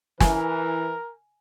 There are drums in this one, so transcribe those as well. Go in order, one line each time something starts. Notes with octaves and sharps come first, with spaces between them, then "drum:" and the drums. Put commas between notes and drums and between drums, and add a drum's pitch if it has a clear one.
E3 A#4 G#5, drum: snare